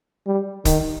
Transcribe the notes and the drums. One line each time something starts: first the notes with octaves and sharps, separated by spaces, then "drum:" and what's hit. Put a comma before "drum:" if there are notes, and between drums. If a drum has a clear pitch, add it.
G3
D#3, drum: kick, hi-hat